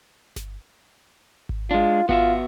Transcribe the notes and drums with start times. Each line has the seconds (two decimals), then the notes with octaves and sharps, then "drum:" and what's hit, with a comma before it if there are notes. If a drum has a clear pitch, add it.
0.36 drum: snare G1
1.49 drum: kick G#1
1.71 G#3 D4 F4
2.09 B3 F4 F#4 E5, drum: kick G#1